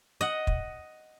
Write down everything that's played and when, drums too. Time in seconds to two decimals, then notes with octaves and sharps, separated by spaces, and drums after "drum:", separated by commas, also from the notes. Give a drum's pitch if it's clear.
0.21 D#5 F#5
0.47 drum: kick